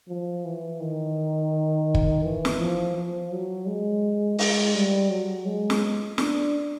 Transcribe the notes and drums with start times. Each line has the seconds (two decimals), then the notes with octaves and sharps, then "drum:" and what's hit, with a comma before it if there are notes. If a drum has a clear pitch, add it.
0.09 F3
0.45 E3
0.80 D#3
1.95 drum: kick
2.23 E3
2.45 drum: snare
2.59 F3
2.95 F3
3.32 F#3
3.67 G#3
4.39 G#3, drum: open hi-hat
4.74 G3
5.10 F#3
5.46 G#3
5.70 drum: snare
6.18 D4, drum: snare